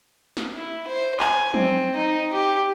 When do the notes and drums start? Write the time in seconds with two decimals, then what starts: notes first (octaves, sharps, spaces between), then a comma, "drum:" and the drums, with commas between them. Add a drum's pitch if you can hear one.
0.37 drum: snare
0.55 E4
0.87 C5
1.20 G#5, drum: clap
1.54 C4, drum: tom F3
1.95 D#4
2.33 G4